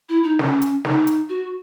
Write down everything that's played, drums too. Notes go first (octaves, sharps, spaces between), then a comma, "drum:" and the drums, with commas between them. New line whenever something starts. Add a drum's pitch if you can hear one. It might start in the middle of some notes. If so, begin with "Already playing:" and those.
E4
D#4
C#4, drum: snare
drum: hi-hat
D#4, drum: snare
drum: hi-hat
F#4